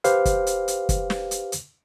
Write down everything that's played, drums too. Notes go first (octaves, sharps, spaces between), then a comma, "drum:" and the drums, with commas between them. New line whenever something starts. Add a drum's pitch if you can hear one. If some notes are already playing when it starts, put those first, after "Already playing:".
G4 B4 C5 F5, drum: hi-hat
drum: kick, hi-hat
drum: hi-hat
drum: hi-hat
drum: kick, hi-hat
drum: snare
drum: hi-hat
drum: hi-hat